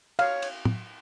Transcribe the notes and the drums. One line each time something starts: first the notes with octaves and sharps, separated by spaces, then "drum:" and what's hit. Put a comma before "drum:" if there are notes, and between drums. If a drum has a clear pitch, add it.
C#5 F5, drum: cymbal
drum: cymbal
drum: tom